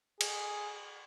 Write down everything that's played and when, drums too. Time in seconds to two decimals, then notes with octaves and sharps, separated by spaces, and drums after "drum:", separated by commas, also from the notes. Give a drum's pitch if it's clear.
0.21 G#4, drum: cymbal